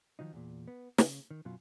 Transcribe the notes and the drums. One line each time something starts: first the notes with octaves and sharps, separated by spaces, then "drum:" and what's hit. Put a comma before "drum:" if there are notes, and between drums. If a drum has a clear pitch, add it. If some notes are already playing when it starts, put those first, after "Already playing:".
D#3 F3 F#3 D#4
E2 A#2
B3
C#3, drum: snare
D#3
F#2 B2 F#3 F4